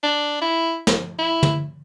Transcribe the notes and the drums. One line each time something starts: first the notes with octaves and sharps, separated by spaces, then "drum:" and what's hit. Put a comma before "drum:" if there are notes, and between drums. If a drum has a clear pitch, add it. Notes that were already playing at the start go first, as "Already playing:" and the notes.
D4
E4
drum: snare
E4
drum: tom